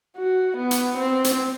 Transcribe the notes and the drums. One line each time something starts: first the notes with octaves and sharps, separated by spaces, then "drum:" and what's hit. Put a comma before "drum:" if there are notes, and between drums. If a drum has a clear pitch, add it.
F#4
B3
drum: hi-hat
C4
drum: hi-hat